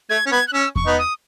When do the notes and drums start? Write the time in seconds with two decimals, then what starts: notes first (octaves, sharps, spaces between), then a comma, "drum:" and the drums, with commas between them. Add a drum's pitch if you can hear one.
0.09 A3 G#6
0.26 C#4
0.31 B3 G#6
0.48 F#6
0.53 C#4 E6
0.76 C#6, drum: kick E2
0.86 B3 D#4
0.98 D#6